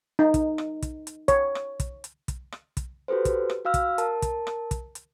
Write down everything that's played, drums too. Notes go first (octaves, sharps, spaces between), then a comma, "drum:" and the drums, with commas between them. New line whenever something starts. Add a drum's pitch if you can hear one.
D#4
drum: kick, hi-hat
drum: rim click
drum: kick, hi-hat
drum: hi-hat
C#5, drum: kick, hi-hat
drum: rim click
drum: kick, hi-hat
drum: hi-hat
drum: kick, hi-hat
drum: rim click
drum: kick, hi-hat
F#4 G4 A4 B4 C5
drum: kick, hi-hat
drum: rim click
F#4 F5 E6 F6
drum: kick, hi-hat
A#4 A5, drum: hi-hat
drum: kick, hi-hat
drum: rim click
drum: kick, hi-hat
drum: hi-hat